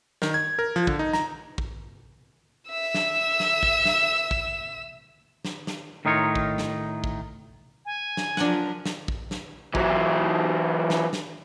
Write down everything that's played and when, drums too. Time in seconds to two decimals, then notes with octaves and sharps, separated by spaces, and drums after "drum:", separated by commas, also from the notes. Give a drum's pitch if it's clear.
0.22 D#3, drum: snare
0.34 G#6
0.59 A#4
0.76 F3
0.87 D3, drum: kick
0.99 D#4
1.13 A#5, drum: snare
1.58 drum: kick
2.69 E5 E6
2.94 drum: snare
3.40 drum: snare
3.63 drum: kick
3.85 drum: snare
4.31 drum: kick
5.45 drum: snare
5.67 drum: snare
6.05 A2 D#3 D#4 F4 C#5
6.35 drum: kick
6.58 drum: snare
7.04 drum: kick
7.85 G#5
8.17 drum: snare
8.37 F3 F#3 D4 A#4 F#5, drum: snare
8.86 drum: snare
9.08 drum: kick
9.31 drum: snare
9.75 E3 F#3, drum: kick
10.90 drum: snare
11.13 drum: snare